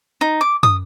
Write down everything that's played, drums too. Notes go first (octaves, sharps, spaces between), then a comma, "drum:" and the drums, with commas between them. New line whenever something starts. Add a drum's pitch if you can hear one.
D#4
D6
D#6, drum: tom